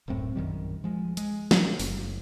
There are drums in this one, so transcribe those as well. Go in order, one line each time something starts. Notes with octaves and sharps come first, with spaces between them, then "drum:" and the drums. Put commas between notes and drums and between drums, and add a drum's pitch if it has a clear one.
D1 F#2 A2 C4
A#1 F#2 D#3 G3
F3 G#3
G#3, drum: hi-hat
drum: snare
F#1, drum: open hi-hat